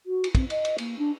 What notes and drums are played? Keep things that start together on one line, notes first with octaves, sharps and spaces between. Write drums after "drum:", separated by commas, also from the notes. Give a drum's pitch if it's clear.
F#4
drum: cymbal
C4, drum: kick, cymbal
D#5, drum: cymbal
drum: cymbal
A#3, drum: cymbal
D4